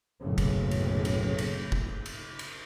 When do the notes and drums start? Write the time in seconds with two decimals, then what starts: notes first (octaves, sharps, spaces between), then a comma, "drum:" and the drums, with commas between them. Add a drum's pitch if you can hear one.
0.21 F#1 B1 F#2 A2 C#3
0.38 drum: kick, cymbal
0.71 drum: cymbal
1.05 drum: cymbal
1.38 drum: cymbal
1.72 drum: kick
2.06 drum: cymbal
2.39 drum: cymbal